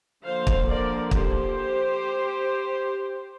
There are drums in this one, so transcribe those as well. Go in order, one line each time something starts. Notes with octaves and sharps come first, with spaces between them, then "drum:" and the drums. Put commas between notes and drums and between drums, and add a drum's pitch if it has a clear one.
D3 F3 A#3 C5 F5
drum: kick
A#4 D5
G4 C5, drum: kick